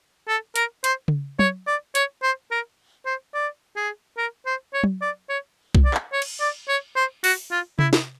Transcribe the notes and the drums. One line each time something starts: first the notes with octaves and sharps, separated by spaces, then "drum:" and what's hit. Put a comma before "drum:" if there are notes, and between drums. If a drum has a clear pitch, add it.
A4
A#4, drum: hi-hat
C5, drum: hi-hat
drum: tom C#3
C#5, drum: tom F#3
D5
C#5, drum: hi-hat
C5
A#4
C5
D5
G#4
A#4
C5
C#5
drum: tom F#3
D5
C#5
drum: kick B1
D5
drum: clap
C#5
drum: cymbal
D5
C#5
C5
F#4, drum: open hi-hat
F4
E4, drum: tom C3
drum: snare